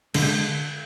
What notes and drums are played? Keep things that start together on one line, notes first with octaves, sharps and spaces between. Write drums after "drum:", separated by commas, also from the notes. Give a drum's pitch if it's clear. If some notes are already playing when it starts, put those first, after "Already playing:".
D3 G#3, drum: cymbal